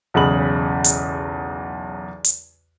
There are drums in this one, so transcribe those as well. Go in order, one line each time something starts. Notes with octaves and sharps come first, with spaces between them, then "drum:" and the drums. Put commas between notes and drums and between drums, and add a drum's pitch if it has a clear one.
B1 E2 C#3 B5 F#7
drum: hi-hat
drum: hi-hat